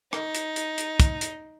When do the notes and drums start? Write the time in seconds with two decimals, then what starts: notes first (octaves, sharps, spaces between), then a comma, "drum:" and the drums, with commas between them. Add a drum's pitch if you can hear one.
0.13 D#4, drum: rim click
0.35 drum: hi-hat
0.56 drum: hi-hat
0.78 drum: hi-hat
1.00 drum: kick, hi-hat
1.21 drum: hi-hat